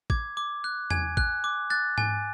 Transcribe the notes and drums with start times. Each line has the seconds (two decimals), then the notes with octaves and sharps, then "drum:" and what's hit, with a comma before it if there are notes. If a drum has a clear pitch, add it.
0.10 D6 G#6, drum: kick
0.37 D6
0.64 F#6
0.90 G#5 G#6, drum: tom E2
1.17 F#6, drum: kick
1.44 D6
1.70 F#6 A6
1.98 G#5, drum: tom G#2